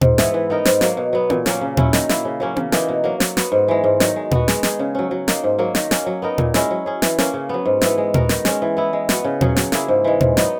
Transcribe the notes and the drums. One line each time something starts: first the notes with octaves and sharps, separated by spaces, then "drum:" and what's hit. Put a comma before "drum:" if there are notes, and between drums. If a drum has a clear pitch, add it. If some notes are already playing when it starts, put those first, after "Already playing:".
G#2, drum: tom A#2
E3 B3 E4, drum: snare
E3
B3 D#4 A#4
G#2, drum: snare
F#3 A#3, drum: snare
B2
F#3 B3
A#2, drum: tom B3
F#3 A#3 C#4, drum: snare
C#3
F#3 C#4 E4, drum: tom A#2
D#3, drum: snare
A#3 E4, drum: snare
C#3
F#3 A#3 C#4
C#3, drum: tom B3
E3 A#3 D#4, drum: snare
B2
F#3 A#3
F#3, drum: snare
B3 F#4, drum: snare
G#2
E3 G#3
G#2
D#3 F#3, drum: snare
G#3
B3 F#4, drum: tom A#2
G#3, drum: snare
D#4 G#4, drum: snare
C#3
F#3 C#4
F#3
A#3 D#4, drum: snare
G#2
F#3 A#3
D#3, drum: snare
A#3 C#4, drum: snare
F#3
B3 D#4 A#4
A#2, drum: tom A#2
G#3 C#4 E4, drum: snare
F#3
C#4 G#4
E3, drum: snare
A#3 C#4, drum: snare
C#3
F#3 B3
G#2
E3 B3 E4, drum: snare
G#3
B3 F#4 A#4, drum: tom A#2
D#3, drum: snare
G#3 C#4, drum: snare
E3
B3 E4
G#3
B3 F#4, drum: snare
C#3
F#3 C#4 G#4, drum: tom A#2
F#3, drum: snare
A#3 E4 G#4, drum: snare
G#2
E3 G#3
G#2, drum: tom A#2
F#3 B3 D#4, drum: snare